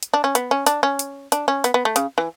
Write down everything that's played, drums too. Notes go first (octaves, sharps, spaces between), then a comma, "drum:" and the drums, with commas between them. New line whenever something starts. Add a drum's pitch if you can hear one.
drum: hi-hat
D4
C#4
B3, drum: hi-hat
C#4
D4, drum: hi-hat
C#4
drum: hi-hat
D4, drum: hi-hat
C#4
B3, drum: hi-hat
B3
A3
C#3, drum: hi-hat
E3